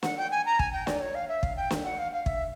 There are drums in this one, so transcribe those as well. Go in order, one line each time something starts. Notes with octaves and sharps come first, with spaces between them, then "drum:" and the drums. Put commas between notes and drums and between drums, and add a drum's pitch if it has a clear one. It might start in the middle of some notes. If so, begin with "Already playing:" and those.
F#5, drum: snare
G5
G#5
A#5
G#5, drum: kick
G5
D5, drum: snare
C#5
F5
E5
F5, drum: kick
G5
drum: snare
F#5
F5
F5
E5, drum: kick